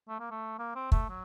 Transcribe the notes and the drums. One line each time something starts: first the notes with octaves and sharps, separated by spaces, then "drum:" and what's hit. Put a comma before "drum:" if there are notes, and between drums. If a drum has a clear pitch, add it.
A3
A#3
A3
A#3
C4
A3, drum: kick
F#3